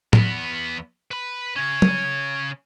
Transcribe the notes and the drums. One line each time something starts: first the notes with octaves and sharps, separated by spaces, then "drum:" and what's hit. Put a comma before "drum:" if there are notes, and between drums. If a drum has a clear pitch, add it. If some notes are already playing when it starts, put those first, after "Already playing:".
E2 B3, drum: tom A2
B4 B5
C#3 C#4 G#6
drum: tom